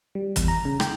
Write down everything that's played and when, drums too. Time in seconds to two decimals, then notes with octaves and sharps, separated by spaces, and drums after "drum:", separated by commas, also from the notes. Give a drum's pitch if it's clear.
0.15 G3
0.36 E2, drum: kick, hi-hat
0.48 A#5
0.65 C#3
0.80 G5, drum: rim click